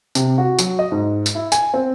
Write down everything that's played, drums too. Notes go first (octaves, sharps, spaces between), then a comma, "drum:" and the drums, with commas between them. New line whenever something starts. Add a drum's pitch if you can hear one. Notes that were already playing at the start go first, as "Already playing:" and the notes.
C3, drum: tambourine
F#4
F#3, drum: tambourine
D#5
G#2
drum: tambourine
E4
G#5, drum: tambourine
C4